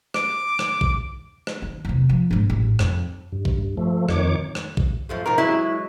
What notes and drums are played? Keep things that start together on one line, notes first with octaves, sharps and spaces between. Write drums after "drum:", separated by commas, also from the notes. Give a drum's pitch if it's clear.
D6, drum: rim click
drum: rim click
drum: kick A#1
drum: rim click
D#3
E2 C3
F3
A#1 G#2
A1
F2, drum: rim click
G2
drum: kick A#1
F3 A3
F2 D#3 C#5 D6, drum: rim click
drum: rim click
drum: kick A#1
F#2 F3 A3
B2 D#3 F3 A#4
E3 F#3 G#3 E4